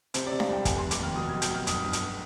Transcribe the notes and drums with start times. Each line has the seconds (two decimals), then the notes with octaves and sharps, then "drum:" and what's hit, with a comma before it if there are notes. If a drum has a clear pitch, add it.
0.14 C3 C5, drum: hi-hat
0.27 D5
0.32 C3
0.40 F5, drum: snare D4
0.49 C2 G5
0.65 F1 G#5, drum: kick, hi-hat
0.79 F1 C6
0.91 D6, drum: hi-hat
1.00 D#2 F6
1.16 B2 D#6
1.29 G#6
1.33 B1
1.42 G6, drum: hi-hat
1.50 B1 F6
1.67 G1 D#6, drum: hi-hat
1.84 G1
1.93 drum: hi-hat